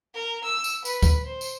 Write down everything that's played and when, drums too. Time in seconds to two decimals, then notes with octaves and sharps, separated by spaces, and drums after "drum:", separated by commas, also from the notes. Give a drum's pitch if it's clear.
0.15 A#4
0.45 E6
0.64 drum: tambourine
0.85 B4, drum: tambourine
1.03 drum: kick, tambourine
1.26 C5
1.41 drum: tambourine